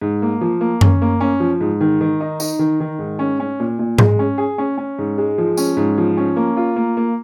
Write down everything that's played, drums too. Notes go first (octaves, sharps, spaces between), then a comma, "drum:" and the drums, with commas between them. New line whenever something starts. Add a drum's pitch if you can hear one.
G#2
A#3
F3
A#3
C#4, drum: tom F#2
A#3
C#4
F3
G#2
D#3
D#3
D#4
D#4, drum: tambourine
D#3
D#3
G#2
C#4
C#4
A#2
A#2
G#3, drum: tom G#2
C#4
G#4
C#4
C#4
G#2
G#3
F3
C#4, drum: tambourine
G#2
F3
C#4
A#3
F4
A#3
A#3